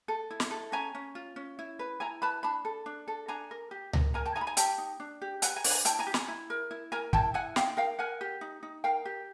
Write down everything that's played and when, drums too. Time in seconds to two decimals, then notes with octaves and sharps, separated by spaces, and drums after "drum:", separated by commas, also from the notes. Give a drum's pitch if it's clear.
0.08 A4
0.31 E4
0.40 drum: snare
0.51 A4
0.72 C#4 G#5 A#5
0.95 C#4
1.15 F4
1.36 C#4
1.59 E4
1.79 B4
2.00 E4 G#5 A#5
2.22 B4 A5 B5
2.43 D4 A5 B5
2.65 A4
2.86 D4
3.08 A4
3.28 D4 G#5 A#5
3.51 A#4
3.71 G4
3.93 A#4, drum: tom C#2
4.14 A#4 G#5 A#5
4.25 G5 A5
4.36 D#4 G#5 A#5
4.41 B5
4.47 G#5 A#5
4.57 G4 G5 A5, drum: hi-hat
4.78 D#4
5.00 D4
5.21 G4
5.42 B4 F#5 G#5, drum: hi-hat
5.56 G#5 A#5
5.64 D4, drum: open hi-hat
5.71 G#5 A#5
5.85 E4 G5 A5, drum: hi-hat
5.99 G#5 A#5
6.07 G4
6.14 G#5 A#5, drum: snare
6.28 E4
6.50 A#4
6.71 E4
6.92 A#4 G#5 A#5
7.13 E4 G5 A5, drum: kick
7.34 E4 F#5 G#5
7.56 D#4 F5 G5, drum: snare
7.77 A#4 F5 G5
7.99 A#4 F#5 G#5
8.21 G4
8.41 D#4
8.63 D#4
8.84 A#4 F5 G5
9.05 G4